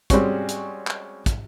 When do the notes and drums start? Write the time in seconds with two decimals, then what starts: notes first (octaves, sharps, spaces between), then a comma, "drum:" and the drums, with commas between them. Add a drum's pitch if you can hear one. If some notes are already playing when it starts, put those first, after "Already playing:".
0.10 G3 G#3 C4 C#4 F#4, drum: kick, hi-hat
0.49 drum: hi-hat
0.87 drum: clap
1.26 drum: kick, hi-hat